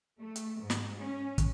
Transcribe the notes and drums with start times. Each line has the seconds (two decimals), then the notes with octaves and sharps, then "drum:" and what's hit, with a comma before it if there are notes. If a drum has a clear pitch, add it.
0.19 A3
0.36 drum: hi-hat
0.60 G#2
0.70 drum: snare
0.99 C#4
1.38 drum: kick, hi-hat